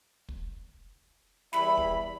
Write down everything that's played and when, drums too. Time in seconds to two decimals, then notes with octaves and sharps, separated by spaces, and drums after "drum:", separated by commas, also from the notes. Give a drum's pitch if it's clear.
0.29 drum: kick
1.53 E2 G3 E4 B5, drum: snare
1.78 drum: kick